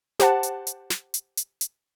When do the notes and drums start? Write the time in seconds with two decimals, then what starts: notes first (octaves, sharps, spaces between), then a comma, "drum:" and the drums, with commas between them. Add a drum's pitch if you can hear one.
0.19 G4 C5 F#5 A5, drum: snare
0.43 drum: hi-hat
0.67 drum: hi-hat
0.90 drum: snare
1.14 drum: hi-hat
1.37 drum: hi-hat
1.61 drum: hi-hat